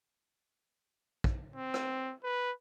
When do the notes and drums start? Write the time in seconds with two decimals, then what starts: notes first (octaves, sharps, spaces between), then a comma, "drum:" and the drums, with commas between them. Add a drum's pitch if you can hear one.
1.24 drum: kick
1.56 C4
1.74 drum: rim click
2.24 B4